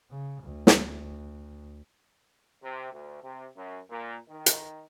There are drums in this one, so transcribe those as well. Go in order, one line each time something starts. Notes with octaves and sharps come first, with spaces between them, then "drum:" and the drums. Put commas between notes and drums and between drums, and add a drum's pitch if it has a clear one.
C#3
D2
drum: snare
C3
D2
C3
F#2
A#2
D#3
drum: hi-hat